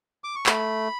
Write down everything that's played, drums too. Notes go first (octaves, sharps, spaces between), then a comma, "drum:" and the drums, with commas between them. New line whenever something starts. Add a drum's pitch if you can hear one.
D6
C#6
A3 B5, drum: clap